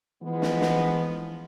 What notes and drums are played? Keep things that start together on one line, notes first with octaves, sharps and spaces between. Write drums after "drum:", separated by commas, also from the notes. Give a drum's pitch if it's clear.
E3 F3 G#3 B3
drum: snare
drum: snare